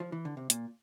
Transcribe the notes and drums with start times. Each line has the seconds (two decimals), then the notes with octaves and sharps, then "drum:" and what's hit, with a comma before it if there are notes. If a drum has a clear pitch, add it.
0.00 F3
0.12 E3
0.25 D3
0.37 C3
0.50 A#2, drum: hi-hat